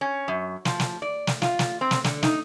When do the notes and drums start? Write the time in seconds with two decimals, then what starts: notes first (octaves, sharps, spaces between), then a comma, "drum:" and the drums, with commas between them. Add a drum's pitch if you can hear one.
0.01 C#4
0.28 F#2
0.65 F3, drum: snare
0.80 drum: snare
1.02 D5
1.27 drum: snare
1.42 F4, drum: snare
1.59 drum: snare
1.81 C4
1.91 drum: snare
2.04 D3, drum: snare
2.23 D#4, drum: snare